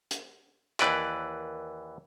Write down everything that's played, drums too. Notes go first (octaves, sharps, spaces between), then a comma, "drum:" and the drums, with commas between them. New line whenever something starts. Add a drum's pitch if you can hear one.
drum: hi-hat
D#2 E3 B4 D5, drum: clap